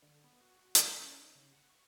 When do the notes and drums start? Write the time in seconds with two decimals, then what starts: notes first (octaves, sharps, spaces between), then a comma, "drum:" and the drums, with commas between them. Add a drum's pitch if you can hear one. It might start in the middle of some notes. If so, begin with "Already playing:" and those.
0.02 D3
0.24 B3
0.41 F#4
0.57 F#4
0.75 C5, drum: hi-hat
0.97 C#4
1.21 D#4
1.35 C#3
1.53 F#5
1.69 C#6